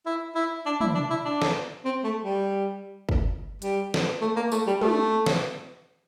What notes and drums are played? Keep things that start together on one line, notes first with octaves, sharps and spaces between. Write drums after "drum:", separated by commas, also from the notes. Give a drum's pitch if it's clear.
E4
E4
D4
E4, drum: tom
D4
E4
D4
drum: snare
C4
A3
G3
drum: kick
G3, drum: hi-hat
drum: snare
A3
A#3
A3, drum: tambourine
G3
A3, drum: tom
drum: snare